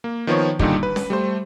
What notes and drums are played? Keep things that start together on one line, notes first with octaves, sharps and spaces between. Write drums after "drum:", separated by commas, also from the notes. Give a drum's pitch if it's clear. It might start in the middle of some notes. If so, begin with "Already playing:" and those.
A#3
D#3 F3 B3 C#5
A#2 D3 D#3 G3 D#4 G4, drum: kick
B4
drum: snare C#4
G3 A3 C5